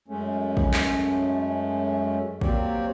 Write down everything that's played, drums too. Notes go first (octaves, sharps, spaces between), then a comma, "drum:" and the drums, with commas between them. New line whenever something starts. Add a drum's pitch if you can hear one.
F#2 G#3 A3 C#4
drum: kick
drum: clap
F#3 A#3 C4 G4 C#5 D5, drum: kick